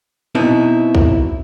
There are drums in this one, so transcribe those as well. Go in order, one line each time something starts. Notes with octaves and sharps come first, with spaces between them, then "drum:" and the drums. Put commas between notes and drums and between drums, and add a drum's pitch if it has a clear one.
B2 C4 D#4 E4
drum: kick B1